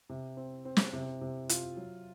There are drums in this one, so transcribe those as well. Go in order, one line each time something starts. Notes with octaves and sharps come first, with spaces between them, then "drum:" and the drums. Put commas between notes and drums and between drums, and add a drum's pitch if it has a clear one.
C3
C4
C4
drum: snare
C3
C3
F4, drum: hi-hat
F#3